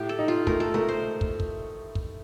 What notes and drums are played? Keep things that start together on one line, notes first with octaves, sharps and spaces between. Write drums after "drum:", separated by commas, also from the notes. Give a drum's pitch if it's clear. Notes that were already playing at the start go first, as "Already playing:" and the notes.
Already playing: A2 G4
A4
D#4
F4
A3 A#4, drum: kick
A4
A3 A#4
C5
drum: kick
drum: kick
drum: kick